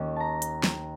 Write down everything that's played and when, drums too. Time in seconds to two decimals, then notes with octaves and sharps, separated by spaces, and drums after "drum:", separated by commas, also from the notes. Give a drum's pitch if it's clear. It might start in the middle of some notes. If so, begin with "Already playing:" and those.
Already playing: D#2 D#3 A#3 C#4
0.16 A5 A#5
0.42 drum: hi-hat
0.64 drum: snare